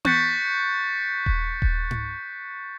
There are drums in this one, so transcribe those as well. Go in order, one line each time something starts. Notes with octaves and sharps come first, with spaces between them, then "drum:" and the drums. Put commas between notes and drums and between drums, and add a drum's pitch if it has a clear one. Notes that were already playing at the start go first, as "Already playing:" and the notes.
C#6 F#6 G6 A6 B6 C#7, drum: tom B3
drum: kick D#1
drum: kick D#1
drum: tom G#2